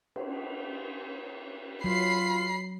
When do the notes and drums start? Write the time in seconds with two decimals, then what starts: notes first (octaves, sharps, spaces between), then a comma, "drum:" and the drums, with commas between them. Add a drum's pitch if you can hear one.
0.16 drum: cymbal
1.84 F#3 F4 B5 C7